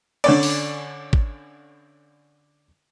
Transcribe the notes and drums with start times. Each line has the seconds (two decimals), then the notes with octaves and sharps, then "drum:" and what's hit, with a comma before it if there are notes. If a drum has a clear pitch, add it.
0.24 D3 C#4 D5, drum: cymbal
0.43 drum: open hi-hat
1.13 drum: kick